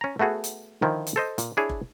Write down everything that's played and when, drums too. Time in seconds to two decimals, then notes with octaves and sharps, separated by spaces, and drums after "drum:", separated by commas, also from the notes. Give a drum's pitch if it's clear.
0.01 C#4 A#5
0.19 A3 B3 F#4 G#4 A4
0.44 drum: hi-hat
0.82 D3 D#3 F3 E4 F4
1.07 drum: hi-hat
1.16 A4 C5 D#5
1.38 A#2, drum: hi-hat
1.57 D4 E4 G#4 C#5
1.69 drum: kick F#1